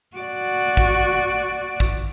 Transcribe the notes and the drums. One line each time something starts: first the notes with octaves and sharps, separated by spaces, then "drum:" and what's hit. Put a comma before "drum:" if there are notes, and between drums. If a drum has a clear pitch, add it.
F#4 D5
drum: kick A1
drum: kick A1